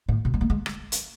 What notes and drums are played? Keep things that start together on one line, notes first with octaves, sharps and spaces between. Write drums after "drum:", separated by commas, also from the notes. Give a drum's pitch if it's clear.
A2
B2
G#3
A3
G#3
drum: rim click
drum: hi-hat